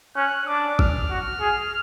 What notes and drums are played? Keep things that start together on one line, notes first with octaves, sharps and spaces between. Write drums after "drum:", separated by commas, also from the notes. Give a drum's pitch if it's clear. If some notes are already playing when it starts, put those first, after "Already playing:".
C#4 F#6
D4 D6
F6, drum: kick G#1
F#4
G#4